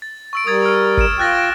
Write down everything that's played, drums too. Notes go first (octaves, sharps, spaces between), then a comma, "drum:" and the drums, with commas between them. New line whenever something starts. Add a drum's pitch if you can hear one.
A6
C#6 E6 D7
G3 A#4 D#6 G#6 A6
F6 D7
F6 D7 E7, drum: kick G1
F4 G5 F#6 A6 A#6